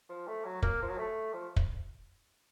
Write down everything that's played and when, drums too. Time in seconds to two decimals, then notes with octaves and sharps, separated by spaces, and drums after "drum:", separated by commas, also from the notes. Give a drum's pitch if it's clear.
0.09 F3
0.27 A3
0.45 F#3
0.62 A#3, drum: kick
0.82 F3
0.90 F#3
0.98 A3
1.33 F3
1.56 drum: kick